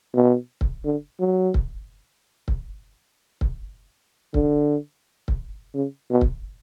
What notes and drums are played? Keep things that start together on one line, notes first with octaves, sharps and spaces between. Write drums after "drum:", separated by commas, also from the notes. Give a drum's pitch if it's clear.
B2
drum: kick C#1
D3
F#3
drum: kick C#1
drum: kick C#1
drum: kick C#1
D3, drum: kick C#1
drum: kick C#1
C#3
B2
drum: kick C#1